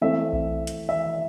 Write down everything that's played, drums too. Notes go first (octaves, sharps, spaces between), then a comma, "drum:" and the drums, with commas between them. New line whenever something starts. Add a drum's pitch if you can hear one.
E3 A3 C4 E5
drum: kick B1
drum: hi-hat
E5